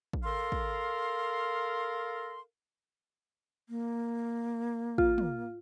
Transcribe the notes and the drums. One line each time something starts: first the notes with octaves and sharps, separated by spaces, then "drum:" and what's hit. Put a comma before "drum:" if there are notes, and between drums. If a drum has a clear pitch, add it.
drum: kick
A4 A#4 F5 C6
drum: kick
A#3
F4, drum: kick
drum: tom